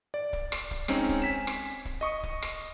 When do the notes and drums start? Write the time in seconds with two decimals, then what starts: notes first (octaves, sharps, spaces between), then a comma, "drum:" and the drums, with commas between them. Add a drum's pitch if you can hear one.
0.14 D5
0.33 drum: kick
0.52 drum: rim click
0.71 drum: kick
0.88 G#3 C4 C#4 D#4, drum: rim click
1.09 drum: kick
1.22 G#5 B6 E7
1.47 drum: rim click
1.85 drum: kick
2.01 D#5 C#6 D#6
2.23 drum: kick
2.42 drum: rim click